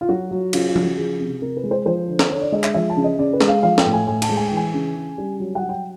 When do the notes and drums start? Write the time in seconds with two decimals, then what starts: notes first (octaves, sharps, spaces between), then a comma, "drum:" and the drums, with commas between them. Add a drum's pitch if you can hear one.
0.01 F4
0.09 F#3 F#4
0.31 F#3
0.53 C#3 F4, drum: cymbal
0.68 F4
0.76 C#3, drum: tom F3
0.83 F#4
0.97 F3 G#4
1.20 C3
1.42 C3 A#4
1.57 B4
1.64 G#3
1.71 C5
1.86 F3 C5
2.08 D3
2.19 drum: snare
2.30 D3 C#5
2.41 D5
2.52 G#3 D#5
2.64 E5, drum: clap
2.74 F3 E5
2.89 A5
2.97 C#3
3.04 D#5
3.19 C#3 D5
3.33 B4
3.41 G#3, drum: snare
3.48 F5
3.63 F3 F5
3.78 G5, drum: snare
3.86 A2
3.93 G#5
4.07 A2 G#5
4.22 A5, drum: cymbal
4.29 G#3
4.37 G#5
4.47 G5
4.52 E3 G#5
4.74 C#3
4.96 C#3
5.18 G3
5.40 F#3
5.55 F#5
5.62 F#3
5.69 G5